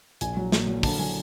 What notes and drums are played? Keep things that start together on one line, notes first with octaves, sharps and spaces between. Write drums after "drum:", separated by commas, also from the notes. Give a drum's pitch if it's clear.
A#1 G#5, drum: hi-hat
F#3
A#2, drum: snare
F#3
D3 A5, drum: kick, open hi-hat
F#3 G#5